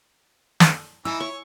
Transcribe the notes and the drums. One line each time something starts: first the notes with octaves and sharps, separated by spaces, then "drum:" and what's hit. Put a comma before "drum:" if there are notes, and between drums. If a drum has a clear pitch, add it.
drum: snare
E3 D#4 E4 G#5 E6
C#5 C#6